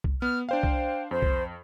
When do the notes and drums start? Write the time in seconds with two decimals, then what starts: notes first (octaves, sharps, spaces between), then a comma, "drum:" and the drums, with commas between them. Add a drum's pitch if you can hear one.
0.04 drum: kick
0.22 B3 F6
0.49 D4 C5 F5 G5
0.63 drum: kick
1.11 F2 C5
1.22 drum: kick